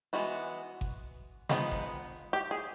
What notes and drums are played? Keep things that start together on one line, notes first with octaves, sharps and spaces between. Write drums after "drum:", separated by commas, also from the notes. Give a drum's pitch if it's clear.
E3 G#3 B3 F#4
drum: kick G#1
F3 G#3 B3 D#4, drum: snare
drum: kick G#1
G4
G#4